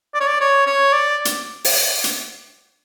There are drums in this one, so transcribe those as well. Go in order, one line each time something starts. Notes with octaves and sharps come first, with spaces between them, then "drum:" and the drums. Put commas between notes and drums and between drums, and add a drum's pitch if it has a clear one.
D5
C#5
D5
C#5
C#5
D5
drum: hi-hat
drum: open hi-hat
drum: hi-hat